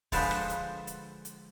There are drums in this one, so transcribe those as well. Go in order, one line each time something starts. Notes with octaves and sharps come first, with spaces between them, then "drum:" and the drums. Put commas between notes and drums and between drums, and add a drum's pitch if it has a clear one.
D3 F3 G#3 A4 B4 C5, drum: kick, open hi-hat
drum: rim click
drum: hi-hat
drum: hi-hat
drum: hi-hat